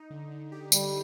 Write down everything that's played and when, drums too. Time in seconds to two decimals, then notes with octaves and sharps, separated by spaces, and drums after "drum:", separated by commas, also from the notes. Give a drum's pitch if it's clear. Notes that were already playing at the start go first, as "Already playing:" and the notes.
Already playing: D#4
0.10 D3
0.31 D3
0.52 G4
0.72 D3 G3, drum: tambourine